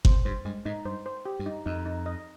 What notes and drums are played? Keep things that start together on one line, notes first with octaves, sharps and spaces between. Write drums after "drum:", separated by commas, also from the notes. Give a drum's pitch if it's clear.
C3 C5, drum: kick G1
G2 C5
G2 G#3
G#2 D#4
G2 C5
C5
G4
G2
D#4
F2 D#4
D#4
D#5